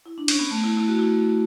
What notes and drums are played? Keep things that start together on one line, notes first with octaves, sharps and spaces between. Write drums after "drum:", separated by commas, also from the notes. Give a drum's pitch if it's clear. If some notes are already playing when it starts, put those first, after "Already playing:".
E4
D4
C#4, drum: cymbal
B3
A3
E4
E4
F#4
E4